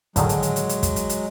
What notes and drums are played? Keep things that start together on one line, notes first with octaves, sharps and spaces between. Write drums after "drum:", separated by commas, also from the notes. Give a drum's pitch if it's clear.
A2 D3 D#3 F#3 G#3, drum: kick, hi-hat
drum: hi-hat
drum: hi-hat
drum: hi-hat
drum: hi-hat
drum: kick, hi-hat
drum: hi-hat
drum: hi-hat